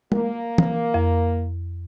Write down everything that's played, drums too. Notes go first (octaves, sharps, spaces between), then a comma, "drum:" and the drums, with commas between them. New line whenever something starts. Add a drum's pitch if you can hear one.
A#3, drum: tom
drum: tom
F2